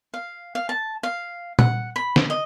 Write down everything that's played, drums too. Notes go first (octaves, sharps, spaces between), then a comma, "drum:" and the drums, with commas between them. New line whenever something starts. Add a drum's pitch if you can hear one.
F5
F5
A5
F5
F#5, drum: tom A#2
B5
drum: snare
D#5